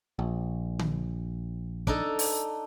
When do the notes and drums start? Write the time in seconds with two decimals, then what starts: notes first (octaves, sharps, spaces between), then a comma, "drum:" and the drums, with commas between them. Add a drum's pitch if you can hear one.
0.19 A#1
0.79 drum: tom D3
1.87 D4 D#4 A4, drum: kick
2.19 drum: open hi-hat